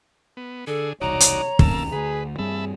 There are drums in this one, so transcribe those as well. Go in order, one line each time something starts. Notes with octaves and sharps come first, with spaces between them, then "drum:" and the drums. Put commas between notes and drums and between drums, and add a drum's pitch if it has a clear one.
B3
D3 G#4 A4
E1 C2 D#4 F#4 C#5 D5 A#5
drum: hi-hat
B1 D#3 A#3 C#4 A5 E6, drum: kick
D2 D3 G#4 B4
G2 G3 C4 G#4 E5 A5 B5